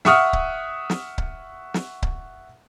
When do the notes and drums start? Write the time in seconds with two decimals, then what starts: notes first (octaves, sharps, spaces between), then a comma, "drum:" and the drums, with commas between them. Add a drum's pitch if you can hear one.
0.05 E5 F#5 C#6 D#6 F6, drum: snare
0.33 drum: kick C#1
0.90 drum: snare
1.18 drum: kick C#1
1.74 drum: snare
2.02 drum: kick C#1